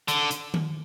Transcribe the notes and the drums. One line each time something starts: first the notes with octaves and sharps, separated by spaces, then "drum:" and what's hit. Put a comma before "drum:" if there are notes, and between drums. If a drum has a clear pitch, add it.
D3, drum: hi-hat
drum: hi-hat
drum: tom D#3